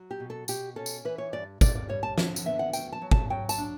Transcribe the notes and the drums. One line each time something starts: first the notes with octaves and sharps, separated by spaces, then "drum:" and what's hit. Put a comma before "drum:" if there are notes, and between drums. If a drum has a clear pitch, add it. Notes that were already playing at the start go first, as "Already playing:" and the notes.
Already playing: F#3
G4
B2
A4
B2 G4, drum: tambourine
C#4 A4
drum: tambourine
E3 B4
C#5
G2 D5
G2 D5, drum: kick, tambourine
D5
G3 C#5
A5
D3, drum: snare
drum: tambourine
B3 E5
F#5
D2 G5, drum: tambourine
A5
F#3
A5, drum: kick
F#3 G5
A5, drum: tambourine
D4